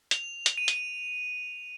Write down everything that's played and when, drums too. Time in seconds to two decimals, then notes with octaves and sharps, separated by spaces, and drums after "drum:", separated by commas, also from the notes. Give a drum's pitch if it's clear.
0.11 F7, drum: hi-hat
0.46 drum: hi-hat
0.58 D#7
0.68 drum: hi-hat